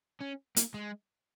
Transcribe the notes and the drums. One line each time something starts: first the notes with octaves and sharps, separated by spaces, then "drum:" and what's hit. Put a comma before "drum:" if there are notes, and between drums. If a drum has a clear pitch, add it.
C#4
A#3, drum: hi-hat
G#3